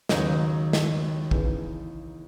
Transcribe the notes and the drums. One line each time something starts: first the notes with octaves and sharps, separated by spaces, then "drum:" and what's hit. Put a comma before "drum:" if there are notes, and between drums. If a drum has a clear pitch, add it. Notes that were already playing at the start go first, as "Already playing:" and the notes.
D#2 C#3 F#3 B3 D#4, drum: snare
drum: snare
C#3 E3 B3 D#4 G#4, drum: kick